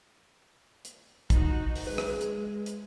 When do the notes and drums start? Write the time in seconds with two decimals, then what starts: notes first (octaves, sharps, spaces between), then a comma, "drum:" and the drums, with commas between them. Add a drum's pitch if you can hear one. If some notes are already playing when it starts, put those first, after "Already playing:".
0.85 drum: hi-hat
1.30 D#4 F#4, drum: kick, hi-hat
1.76 drum: open hi-hat
1.87 G#3 B4
1.98 drum: rim click
2.21 drum: hi-hat
2.66 drum: hi-hat